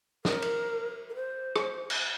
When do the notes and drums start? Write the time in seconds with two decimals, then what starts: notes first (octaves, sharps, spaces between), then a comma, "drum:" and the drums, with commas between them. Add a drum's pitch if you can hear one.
0.25 A#4, drum: snare
0.42 drum: cymbal
1.10 A#4
1.15 C5
1.56 drum: rim click
1.90 drum: cymbal